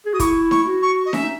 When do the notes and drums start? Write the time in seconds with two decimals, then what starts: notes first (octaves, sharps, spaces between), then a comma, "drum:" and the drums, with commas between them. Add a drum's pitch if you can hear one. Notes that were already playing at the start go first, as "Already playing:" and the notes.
0.06 G#4
0.13 F#4 D#6
0.20 E4 C#6, drum: kick, hi-hat
0.51 C#6, drum: snare D#4
0.67 F#4
0.82 C#6
1.05 D#5
1.13 C#4 E5, drum: snare D#4
1.23 D#4